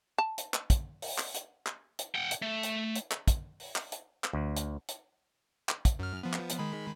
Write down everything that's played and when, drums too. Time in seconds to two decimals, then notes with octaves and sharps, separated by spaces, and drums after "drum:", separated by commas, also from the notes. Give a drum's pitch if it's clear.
0.18 A5
0.38 drum: hi-hat
0.54 drum: clap
0.70 drum: kick, hi-hat
1.02 drum: open hi-hat
1.18 drum: clap
1.34 drum: hi-hat
1.67 drum: clap
1.99 drum: hi-hat
2.15 F#5 G5
2.31 drum: hi-hat
2.42 A3
2.63 drum: hi-hat
2.95 drum: hi-hat
3.11 drum: clap
3.28 drum: kick, hi-hat
3.60 drum: open hi-hat
3.76 drum: clap
3.92 drum: hi-hat
4.24 drum: clap
4.33 D2
4.56 drum: hi-hat
4.88 drum: hi-hat
5.69 drum: clap
5.85 drum: kick, hi-hat
5.99 F#2 F6
6.23 F3 B3
6.33 drum: clap
6.49 drum: hi-hat
6.59 D#3 G#3 B5